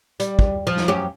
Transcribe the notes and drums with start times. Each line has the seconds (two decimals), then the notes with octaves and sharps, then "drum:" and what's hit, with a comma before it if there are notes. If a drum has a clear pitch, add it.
0.20 G3, drum: hi-hat
0.39 drum: kick
0.67 F3
0.77 drum: snare
0.88 F#2 C#4 G4